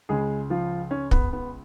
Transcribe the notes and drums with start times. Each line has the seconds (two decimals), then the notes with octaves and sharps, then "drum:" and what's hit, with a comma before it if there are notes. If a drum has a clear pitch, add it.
0.09 C#2 C#3 G#3 G#4
0.50 F3 F4
0.91 C#4
1.11 B3, drum: kick
1.33 B3